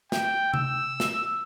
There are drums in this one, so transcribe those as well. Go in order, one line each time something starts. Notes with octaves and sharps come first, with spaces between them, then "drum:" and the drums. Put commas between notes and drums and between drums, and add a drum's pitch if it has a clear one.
G5, drum: snare
E6, drum: tom C3
drum: snare